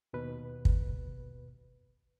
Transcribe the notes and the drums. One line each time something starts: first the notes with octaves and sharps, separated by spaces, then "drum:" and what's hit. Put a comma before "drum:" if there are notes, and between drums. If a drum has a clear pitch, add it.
D#2 B2 B4
drum: kick